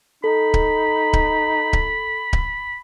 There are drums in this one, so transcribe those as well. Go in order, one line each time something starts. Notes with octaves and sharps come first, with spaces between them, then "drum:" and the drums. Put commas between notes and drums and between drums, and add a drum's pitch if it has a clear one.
D#4 A4 B5
drum: kick D1
drum: kick D1
drum: kick D1
drum: kick D1